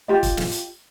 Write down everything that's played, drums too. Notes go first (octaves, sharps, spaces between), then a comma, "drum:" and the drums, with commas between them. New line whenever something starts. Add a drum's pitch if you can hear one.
F4 G4 D#5
drum: kick, hi-hat
drum: snare
drum: hi-hat